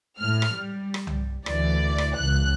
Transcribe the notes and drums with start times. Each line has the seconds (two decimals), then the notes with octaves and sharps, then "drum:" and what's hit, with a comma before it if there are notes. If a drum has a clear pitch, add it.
0.19 A2 F6
0.42 drum: rim click
0.54 G3
0.94 drum: rim click
1.07 drum: tom C2
1.46 D2 E3 D5, drum: rim click
1.98 drum: rim click
2.17 C#2 F#6